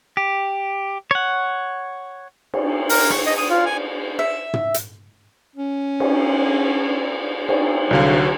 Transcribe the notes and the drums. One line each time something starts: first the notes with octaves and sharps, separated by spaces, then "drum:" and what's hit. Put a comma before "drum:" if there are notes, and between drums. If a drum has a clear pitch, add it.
G4
C#5 F#5
drum: cymbal
A#4, drum: open hi-hat
C#6, drum: rim click
D#5
D#6
F4
G#5
E5
drum: tom
drum: hi-hat
C#4
drum: cymbal
drum: cymbal
C2 D3 F#3 F5